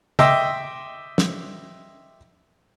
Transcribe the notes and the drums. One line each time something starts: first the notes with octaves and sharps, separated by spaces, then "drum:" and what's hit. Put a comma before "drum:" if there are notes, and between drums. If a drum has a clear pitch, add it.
D#5 E5 G5 C6 D6 E6, drum: tom
drum: snare